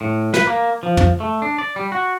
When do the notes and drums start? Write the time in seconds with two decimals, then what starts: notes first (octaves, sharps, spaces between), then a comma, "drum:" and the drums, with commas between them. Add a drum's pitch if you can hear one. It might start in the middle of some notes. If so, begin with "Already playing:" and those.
0.01 A2
0.34 B4, drum: snare
0.47 A#3
0.83 F3
0.97 drum: tom
1.20 A3
1.42 D4
1.58 D5
1.76 G3
1.92 F#4